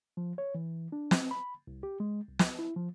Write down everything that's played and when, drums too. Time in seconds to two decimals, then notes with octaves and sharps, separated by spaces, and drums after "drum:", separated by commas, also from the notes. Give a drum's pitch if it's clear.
0.17 F3
0.38 C#5
0.55 E3
0.92 D4
1.11 C4, drum: snare
1.31 B5
1.67 C2
1.83 G4
2.00 G#3
2.28 C2
2.39 drum: snare
2.59 E4
2.76 F3